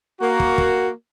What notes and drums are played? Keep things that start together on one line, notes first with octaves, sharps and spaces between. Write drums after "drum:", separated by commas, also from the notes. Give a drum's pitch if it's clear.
A#3 F#4
drum: kick
drum: kick